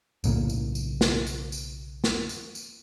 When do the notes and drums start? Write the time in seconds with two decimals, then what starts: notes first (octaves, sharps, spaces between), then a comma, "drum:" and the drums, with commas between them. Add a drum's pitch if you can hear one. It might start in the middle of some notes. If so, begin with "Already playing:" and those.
0.24 B1 A2 C#3 A#3, drum: tambourine
0.49 drum: tambourine
0.75 drum: tambourine
1.01 drum: snare
1.27 drum: tambourine
1.52 drum: tambourine
2.04 drum: snare
2.29 drum: tambourine
2.55 drum: tambourine